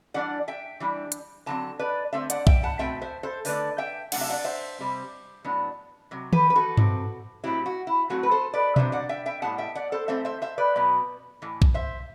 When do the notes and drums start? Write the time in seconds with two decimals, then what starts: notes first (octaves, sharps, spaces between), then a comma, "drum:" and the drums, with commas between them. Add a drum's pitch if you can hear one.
0.14 E3 G3 D4 D5 F#5
0.48 E5 G5
0.80 E3 G3 D4
1.12 drum: hi-hat
1.46 D3 F#3 C4 A5
1.79 B4 D5
2.13 D3 A3 C4 C5 E5
2.30 D5 F#5, drum: hi-hat
2.47 E5 G5, drum: kick B1
2.63 F#5 A5
2.79 B2 A3 C4 E5 G5
3.02 C5 E5
3.23 A4 C5
3.45 D3 A3 D4 B4 D5, drum: open hi-hat
3.78 E5 G5
4.12 C3 F#3 A3 D4 F#5, drum: cymbal
4.21 E5
4.30 D5 F#5
4.44 C5 E5
4.79 C3 G3 C4
5.44 A2 F#3 B3 D4
6.11 C3 F#3
6.33 G4 B4, drum: tom D#3
6.50 B4
6.56 F#4 A4
6.77 C3 F#3 C4, drum: tom G2
7.44 A2 F#3 C4 E4 G4
7.66 F#4
7.87 E4
8.10 A2 F#3 A3 C4 F#4
8.23 B4
8.31 A4 C5
8.54 B4 D5
8.76 C3 F#3 B3 D4 C5 E5, drum: tom B2
8.92 D5 F#5
9.09 E5 G5
9.26 E5 G5
9.42 A2 G3 B3 F#5 A5
9.58 E5 G5
9.75 D5 F#5
9.92 A4 C5
10.08 E3 A3 C4 C5 E5
10.25 C5 E5
10.42 C5 E5
10.58 B4 D5
10.76 B2 F#3 B3
11.42 A2 E3
11.62 drum: kick B1
11.74 C5 E5